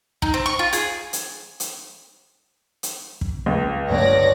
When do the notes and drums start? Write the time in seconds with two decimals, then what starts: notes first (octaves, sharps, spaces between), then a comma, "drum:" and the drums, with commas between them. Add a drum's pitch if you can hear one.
0.22 D#4, drum: kick
0.34 C4
0.46 C#6
0.59 F4
0.73 G#4, drum: hi-hat
1.13 drum: hi-hat
1.60 drum: hi-hat
2.83 drum: hi-hat
3.21 drum: kick
3.46 C#2
3.89 G1 C#2 C#5 D5 A#6